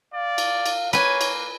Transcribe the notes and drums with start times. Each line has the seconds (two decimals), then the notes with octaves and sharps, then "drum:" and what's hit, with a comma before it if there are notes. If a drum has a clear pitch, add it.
0.14 D5 F5
0.38 drum: cymbal
0.66 drum: cymbal
0.93 A#3 B4 C#5 G#5, drum: cymbal
1.21 drum: cymbal